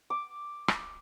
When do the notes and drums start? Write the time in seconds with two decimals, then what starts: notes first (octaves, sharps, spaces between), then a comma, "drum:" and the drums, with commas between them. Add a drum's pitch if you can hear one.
0.10 D6
0.68 drum: rim click